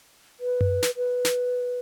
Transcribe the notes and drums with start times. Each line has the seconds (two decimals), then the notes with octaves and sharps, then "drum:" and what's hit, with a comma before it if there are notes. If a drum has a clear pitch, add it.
0.40 B4
0.61 drum: tom F#2
0.83 drum: snare
0.97 B4
1.25 drum: snare